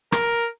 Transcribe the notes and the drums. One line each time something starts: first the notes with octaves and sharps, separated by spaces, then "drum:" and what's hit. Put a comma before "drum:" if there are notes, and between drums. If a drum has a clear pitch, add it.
A#4, drum: rim click